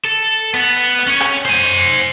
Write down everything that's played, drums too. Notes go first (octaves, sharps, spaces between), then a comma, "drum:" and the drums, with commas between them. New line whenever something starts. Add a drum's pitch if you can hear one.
A4
B3, drum: hi-hat
drum: hi-hat
drum: hi-hat
C#4 C#5
drum: rim click
C5 G#5
drum: hi-hat
drum: hi-hat